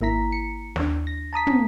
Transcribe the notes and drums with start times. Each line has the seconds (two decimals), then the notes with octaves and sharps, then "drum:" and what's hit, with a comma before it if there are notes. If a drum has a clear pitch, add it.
0.01 G#1 A#3 E4 A#5 B6
0.32 C#7
0.76 D#2 D4, drum: snare
1.07 A#6
1.33 A5 A#5 D#6 B6
1.47 drum: tom